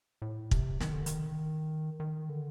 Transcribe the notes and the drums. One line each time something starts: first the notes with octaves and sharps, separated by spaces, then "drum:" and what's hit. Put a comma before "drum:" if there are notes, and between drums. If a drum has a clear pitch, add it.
A2
C3, drum: kick
D#3, drum: snare
D3
D#3, drum: hi-hat
D#3
D3